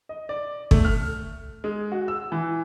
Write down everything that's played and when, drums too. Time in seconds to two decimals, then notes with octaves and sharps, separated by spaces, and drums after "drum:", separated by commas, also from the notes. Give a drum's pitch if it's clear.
0.09 D#5
0.29 D5
0.71 A3, drum: kick
0.85 F6
1.64 G#3
1.92 F#4
2.08 E6
2.32 E3